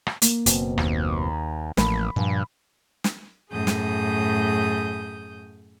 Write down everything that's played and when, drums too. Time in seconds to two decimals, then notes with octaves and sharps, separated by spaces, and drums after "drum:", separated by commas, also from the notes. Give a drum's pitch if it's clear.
0.07 drum: rim click
0.22 A#3, drum: hi-hat
0.46 F#1 B2 C4, drum: hi-hat
0.78 D#2, drum: rim click
1.77 A1 F3 A3 A#3 B5, drum: snare
2.16 G2 A#2 F3
3.04 drum: snare
3.50 F#2 A2 G#4 D#6 G6
3.67 drum: snare